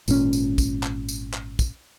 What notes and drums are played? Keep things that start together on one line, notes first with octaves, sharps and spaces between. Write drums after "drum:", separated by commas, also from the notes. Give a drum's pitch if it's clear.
G#1 A#2 D#3 C#4, drum: tambourine
drum: tambourine
drum: kick, tambourine
drum: clap
drum: tambourine
drum: clap
drum: kick, tambourine